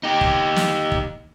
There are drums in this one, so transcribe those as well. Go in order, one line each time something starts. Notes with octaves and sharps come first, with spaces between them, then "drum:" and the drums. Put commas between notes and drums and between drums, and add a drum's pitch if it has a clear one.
D#4 G4
drum: kick
drum: snare
drum: kick